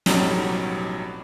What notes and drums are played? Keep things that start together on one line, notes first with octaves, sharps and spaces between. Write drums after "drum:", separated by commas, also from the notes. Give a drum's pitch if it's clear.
A1 F2 B2 F#3 G3 D#4, drum: snare